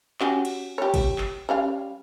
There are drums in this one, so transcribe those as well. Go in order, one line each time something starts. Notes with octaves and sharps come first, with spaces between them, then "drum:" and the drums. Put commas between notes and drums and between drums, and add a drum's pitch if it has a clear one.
C#4 F#4 G4, drum: clap
drum: cymbal
G4 C#5
drum: kick, cymbal
drum: clap
G3 C#4 F5